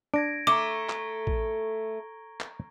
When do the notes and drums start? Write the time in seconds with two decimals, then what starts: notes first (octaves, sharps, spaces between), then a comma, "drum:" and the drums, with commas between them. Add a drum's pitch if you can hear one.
0.14 D4 G#6 A#6 D7
0.47 A3 A#5 C#6 D6 G7
0.89 drum: clap
1.27 drum: kick A1
2.41 drum: clap